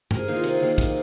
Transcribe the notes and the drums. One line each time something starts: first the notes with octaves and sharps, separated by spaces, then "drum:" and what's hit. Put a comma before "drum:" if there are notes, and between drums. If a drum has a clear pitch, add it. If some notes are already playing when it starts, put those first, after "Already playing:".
C3 A#4, drum: tom G2
G#4
D#3 A#3 D#4
F4
C3 G#4, drum: cymbal
D#3 A#3
C3, drum: kick, cymbal